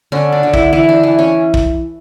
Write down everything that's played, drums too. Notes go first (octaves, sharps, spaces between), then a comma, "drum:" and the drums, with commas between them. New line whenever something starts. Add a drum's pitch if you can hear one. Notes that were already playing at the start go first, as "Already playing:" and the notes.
D3 C#4
D4
D3
E4, drum: kick
E3 E4
D4
E3
C#4
drum: kick